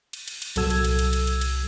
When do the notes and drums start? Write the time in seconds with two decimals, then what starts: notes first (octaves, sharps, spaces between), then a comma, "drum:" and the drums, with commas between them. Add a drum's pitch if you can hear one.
0.13 drum: cymbal
0.28 drum: cymbal
0.42 drum: cymbal
0.56 C2 A#2 F#3 A4 E6 G#6, drum: cymbal
0.70 drum: cymbal
0.84 drum: cymbal
0.99 drum: cymbal
1.13 drum: cymbal
1.27 drum: cymbal
1.41 drum: cymbal